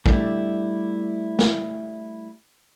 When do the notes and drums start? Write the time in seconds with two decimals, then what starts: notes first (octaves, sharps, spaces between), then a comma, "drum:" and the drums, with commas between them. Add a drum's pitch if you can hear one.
0.06 G3 A3 D4 E4 G4, drum: kick
1.39 drum: snare